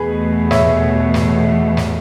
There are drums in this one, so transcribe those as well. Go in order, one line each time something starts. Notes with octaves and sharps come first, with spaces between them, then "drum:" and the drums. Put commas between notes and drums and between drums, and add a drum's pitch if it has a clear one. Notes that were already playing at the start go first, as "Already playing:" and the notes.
Already playing: E2 B2 A3 G#4 B4
C#5 E5, drum: snare
drum: snare
drum: snare